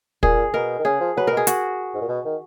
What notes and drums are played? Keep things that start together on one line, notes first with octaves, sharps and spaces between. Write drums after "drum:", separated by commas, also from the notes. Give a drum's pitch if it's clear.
A#2 G#4, drum: kick
B2 A#4
D#3
C#3 G#4
F3
F#3 B4
B2 A#4
G#4
F#4, drum: hi-hat
G#2
A#2
B2
D#3